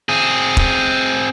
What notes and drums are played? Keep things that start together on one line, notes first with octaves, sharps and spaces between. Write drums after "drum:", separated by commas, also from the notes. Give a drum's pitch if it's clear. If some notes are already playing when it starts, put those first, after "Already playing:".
C4 G#4
drum: kick E1